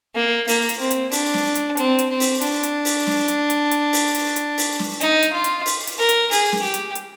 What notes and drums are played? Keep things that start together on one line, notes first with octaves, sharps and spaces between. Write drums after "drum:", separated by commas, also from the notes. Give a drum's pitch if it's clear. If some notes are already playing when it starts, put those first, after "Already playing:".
A#3
A#3, drum: open hi-hat
drum: hi-hat
C4
drum: hi-hat
D4, drum: open hi-hat
drum: snare
drum: hi-hat
C4, drum: hi-hat
drum: hi-hat
C4
drum: open hi-hat
D4, drum: hi-hat
drum: hi-hat
drum: open hi-hat
drum: snare
drum: hi-hat
drum: hi-hat
drum: hi-hat
drum: open hi-hat
drum: hi-hat
drum: hi-hat
drum: open hi-hat
drum: snare
D#4, drum: hi-hat
drum: hi-hat
F4
drum: hi-hat
drum: open hi-hat
drum: hi-hat
A#4
drum: hi-hat
G#4, drum: open hi-hat
drum: snare
G4
drum: hi-hat
drum: hi-hat